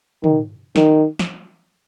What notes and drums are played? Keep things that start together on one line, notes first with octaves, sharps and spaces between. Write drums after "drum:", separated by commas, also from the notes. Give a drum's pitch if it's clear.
D#3, drum: tom
D#3, drum: snare
drum: snare